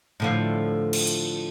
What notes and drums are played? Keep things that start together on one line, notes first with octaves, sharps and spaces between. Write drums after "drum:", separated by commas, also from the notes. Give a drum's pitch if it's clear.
A2 D3 F3
drum: cymbal
drum: hi-hat